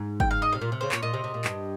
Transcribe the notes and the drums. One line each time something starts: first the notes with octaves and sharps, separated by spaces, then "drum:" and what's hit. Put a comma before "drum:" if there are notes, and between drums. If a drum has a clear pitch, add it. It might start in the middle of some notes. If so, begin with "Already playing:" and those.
Already playing: G#2
G5, drum: kick
F5
D#5
C3 F5
A#2
C3
C#3 C5
A#2 C#5, drum: clap
A#2 D#5
C3
C3
A#2
G2, drum: clap